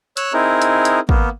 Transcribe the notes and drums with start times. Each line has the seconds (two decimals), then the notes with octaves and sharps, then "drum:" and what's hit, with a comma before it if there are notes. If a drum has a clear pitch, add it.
0.17 C#5 E6 F#6, drum: hi-hat
0.33 C4 D#4 E4 G#4 A#4
0.62 drum: hi-hat
0.85 drum: hi-hat
1.09 A#3 B3, drum: kick